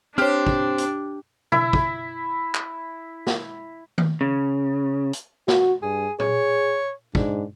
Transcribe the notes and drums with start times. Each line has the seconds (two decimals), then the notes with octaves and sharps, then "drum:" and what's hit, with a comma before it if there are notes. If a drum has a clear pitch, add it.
0.18 C4 D4 G4 C5 C#5 F6
0.47 drum: kick
0.78 drum: hi-hat
1.52 E4 E5, drum: tom B2
1.73 drum: kick
2.55 drum: clap
3.27 drum: snare
3.98 drum: tom D#3
4.21 C#3
5.13 drum: hi-hat
5.48 F#4, drum: snare
5.83 G2 G#4
6.20 G#4 C#5, drum: tom A#2
7.15 G#2 D4, drum: kick